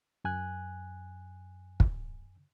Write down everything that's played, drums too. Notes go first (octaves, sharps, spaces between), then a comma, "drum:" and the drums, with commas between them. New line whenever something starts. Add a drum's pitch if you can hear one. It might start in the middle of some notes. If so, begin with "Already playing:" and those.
F#2 G#5 F#6
drum: kick